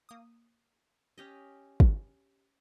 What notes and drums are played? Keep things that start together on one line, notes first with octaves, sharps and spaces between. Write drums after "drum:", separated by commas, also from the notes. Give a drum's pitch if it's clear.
A#3 D#6
C#4 G4 D#5
drum: kick